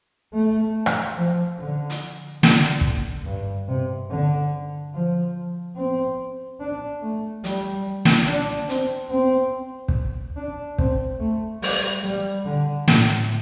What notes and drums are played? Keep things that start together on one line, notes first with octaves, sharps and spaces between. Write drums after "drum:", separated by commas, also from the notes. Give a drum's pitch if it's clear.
A3
drum: rim click
F3
D3
drum: hi-hat
D3, drum: snare
drum: kick
G2
C3
D3
F3
C4
D4
A3
G3, drum: hi-hat
drum: snare
D4
C4, drum: hi-hat
C4
drum: kick
D4
C4, drum: kick
A3
G3, drum: open hi-hat
G3
D3
A2, drum: snare